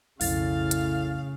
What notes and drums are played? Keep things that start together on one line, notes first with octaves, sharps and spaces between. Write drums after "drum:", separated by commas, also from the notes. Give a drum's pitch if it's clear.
B1 F2 A2 C#3 F5 A6, drum: open hi-hat
drum: hi-hat